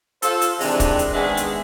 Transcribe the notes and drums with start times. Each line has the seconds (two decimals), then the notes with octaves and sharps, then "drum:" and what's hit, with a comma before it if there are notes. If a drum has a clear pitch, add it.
0.22 F4 A4 C5, drum: hi-hat
0.41 drum: hi-hat
0.60 C3 D#3 E3 G#3 C4 D4, drum: open hi-hat
0.80 drum: kick, hi-hat
0.99 drum: hi-hat
1.14 D#3 G#3 B3 D4 G#4 E5
1.37 drum: hi-hat